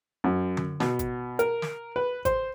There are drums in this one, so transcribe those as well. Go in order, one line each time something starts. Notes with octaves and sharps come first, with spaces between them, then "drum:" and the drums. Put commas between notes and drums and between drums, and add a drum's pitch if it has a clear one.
F#2
drum: tom D3
B2, drum: snare
drum: kick G#1, hi-hat
A#4, drum: hi-hat
drum: snare
B4
C5, drum: kick G#1, hi-hat